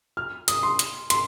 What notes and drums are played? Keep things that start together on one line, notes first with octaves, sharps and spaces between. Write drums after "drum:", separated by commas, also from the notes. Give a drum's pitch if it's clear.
F6
D#6, drum: hi-hat
C6
drum: hi-hat
C6, drum: hi-hat